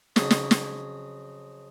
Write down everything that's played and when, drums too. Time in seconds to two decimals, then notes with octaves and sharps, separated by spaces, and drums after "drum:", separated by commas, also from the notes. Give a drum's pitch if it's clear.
0.16 F2 C#3 F#3, drum: snare
0.31 drum: snare
0.51 drum: snare